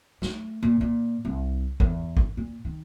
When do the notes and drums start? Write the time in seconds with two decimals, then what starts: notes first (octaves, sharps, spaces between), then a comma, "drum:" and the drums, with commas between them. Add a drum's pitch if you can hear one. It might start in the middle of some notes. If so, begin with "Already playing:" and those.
0.22 A3, drum: snare
0.63 A#2
0.81 A#2
1.25 C2
1.80 E2, drum: kick G#1
2.17 drum: kick G#1
2.37 A#2
2.65 D#3